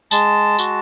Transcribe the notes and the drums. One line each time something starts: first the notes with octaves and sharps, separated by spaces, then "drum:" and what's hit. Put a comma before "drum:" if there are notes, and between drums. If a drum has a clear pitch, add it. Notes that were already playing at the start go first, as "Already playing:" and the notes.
G#3 A5, drum: tambourine
F#4, drum: tambourine